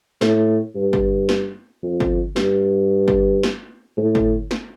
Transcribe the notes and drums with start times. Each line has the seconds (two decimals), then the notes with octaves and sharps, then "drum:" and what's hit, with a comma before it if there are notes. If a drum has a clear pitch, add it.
0.21 A2, drum: snare
0.75 G2
0.93 drum: kick G1
1.29 drum: snare
1.83 F2
2.00 drum: kick G1
2.36 G2, drum: snare
3.08 drum: kick G1
3.43 drum: snare
3.97 A2
4.15 drum: kick G1
4.51 drum: snare